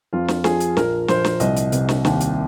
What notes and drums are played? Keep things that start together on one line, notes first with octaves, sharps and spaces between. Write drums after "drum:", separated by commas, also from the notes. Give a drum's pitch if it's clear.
F2 F4
drum: snare
F3 G#4, drum: snare
drum: hi-hat
A#1 A#4, drum: snare
A#1 C5, drum: snare
drum: snare
C2 D#5, drum: hi-hat
drum: hi-hat
C3, drum: hi-hat
drum: snare
D#2, drum: snare
drum: hi-hat